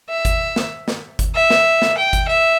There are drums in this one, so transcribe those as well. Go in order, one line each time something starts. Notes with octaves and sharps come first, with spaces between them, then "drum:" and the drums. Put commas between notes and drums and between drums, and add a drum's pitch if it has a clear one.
E5
drum: kick G1, hi-hat
drum: snare
drum: snare
drum: kick G1, hi-hat
E5
drum: snare
drum: snare
G5
drum: kick G1, hi-hat
E5